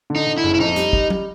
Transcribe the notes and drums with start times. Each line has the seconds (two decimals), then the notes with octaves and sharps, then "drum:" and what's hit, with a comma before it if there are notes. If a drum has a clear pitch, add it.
0.10 D3
0.16 D#4
0.27 D3
0.38 E4
0.43 F#1
0.55 E4
0.60 F2 D#4
0.76 G3, drum: hi-hat
0.93 G3, drum: kick
1.10 G3, drum: tom F#3